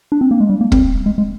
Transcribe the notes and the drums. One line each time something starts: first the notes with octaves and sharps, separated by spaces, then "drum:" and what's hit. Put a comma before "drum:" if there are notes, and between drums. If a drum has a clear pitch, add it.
D4
C4
A#3
G#3
G3
A#3
C4, drum: kick
G#3
G#3